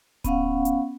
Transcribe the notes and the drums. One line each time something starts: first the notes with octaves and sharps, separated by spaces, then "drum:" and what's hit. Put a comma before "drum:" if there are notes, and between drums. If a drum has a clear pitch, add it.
B3 C#4 F5 F#5, drum: kick D1, hi-hat
drum: hi-hat